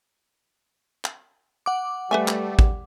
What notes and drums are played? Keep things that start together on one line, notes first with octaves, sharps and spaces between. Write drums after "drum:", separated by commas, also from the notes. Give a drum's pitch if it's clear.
drum: clap
F#5 D6
G3 A3 B4 E5 G#5
drum: clap
drum: kick